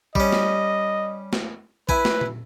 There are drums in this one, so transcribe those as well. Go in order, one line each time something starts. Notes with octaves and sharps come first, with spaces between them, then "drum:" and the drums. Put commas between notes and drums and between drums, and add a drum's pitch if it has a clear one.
G3 C#4 D#5, drum: kick
drum: snare
drum: snare
E4 B4 G#5, drum: kick
drum: snare
drum: tom A#2